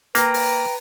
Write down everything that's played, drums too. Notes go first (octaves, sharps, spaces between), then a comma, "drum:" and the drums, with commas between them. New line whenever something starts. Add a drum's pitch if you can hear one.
A#3 B4 G5 A#5, drum: hi-hat
drum: open hi-hat